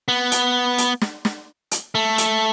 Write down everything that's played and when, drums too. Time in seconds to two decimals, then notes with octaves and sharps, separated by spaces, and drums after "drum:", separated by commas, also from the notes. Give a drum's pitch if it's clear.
0.08 B3
0.32 drum: hi-hat
0.78 drum: hi-hat
1.02 drum: snare
1.25 drum: snare
1.71 drum: hi-hat
1.95 A3
2.18 drum: hi-hat